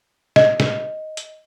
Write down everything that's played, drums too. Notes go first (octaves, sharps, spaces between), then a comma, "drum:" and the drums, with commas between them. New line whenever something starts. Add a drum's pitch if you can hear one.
D#5, drum: snare
drum: snare
drum: hi-hat